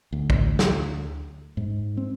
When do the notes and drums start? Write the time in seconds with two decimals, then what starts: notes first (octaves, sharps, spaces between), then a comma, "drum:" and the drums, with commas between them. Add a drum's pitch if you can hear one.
0.13 D2
0.30 drum: kick
0.59 drum: snare
1.57 G#2
1.97 C4